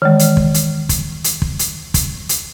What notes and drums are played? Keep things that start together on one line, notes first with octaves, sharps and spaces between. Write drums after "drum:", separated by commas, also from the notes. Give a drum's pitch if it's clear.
D#3 E3 G#3
drum: hi-hat
drum: kick
drum: hi-hat
drum: kick, hi-hat
drum: hi-hat
drum: kick
drum: hi-hat
drum: kick, hi-hat
drum: hi-hat